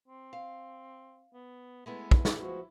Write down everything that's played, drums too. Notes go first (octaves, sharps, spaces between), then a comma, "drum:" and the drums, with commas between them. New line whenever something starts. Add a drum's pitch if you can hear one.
C4
F5
B3
G#3 A3 B3 E4
drum: kick
drum: snare
F3 F#4